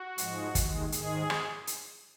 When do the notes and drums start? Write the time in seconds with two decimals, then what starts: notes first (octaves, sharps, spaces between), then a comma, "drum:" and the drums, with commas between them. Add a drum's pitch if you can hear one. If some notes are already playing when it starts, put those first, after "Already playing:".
Already playing: F#4
0.18 G#2 F3 G#3, drum: hi-hat
0.55 D#2 D#3 G#3, drum: kick, hi-hat
0.92 G#2 D#3 G#3 G#4, drum: hi-hat
1.30 drum: rim click
1.67 drum: hi-hat